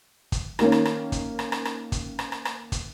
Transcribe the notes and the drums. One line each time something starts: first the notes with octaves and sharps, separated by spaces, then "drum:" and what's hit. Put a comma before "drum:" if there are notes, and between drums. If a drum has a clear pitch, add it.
drum: kick, hi-hat
D#3 A#3 C#4, drum: rim click
drum: rim click
drum: rim click
drum: kick, hi-hat
drum: rim click
drum: rim click
drum: rim click
drum: kick, hi-hat
drum: rim click
drum: rim click
drum: rim click
drum: kick, hi-hat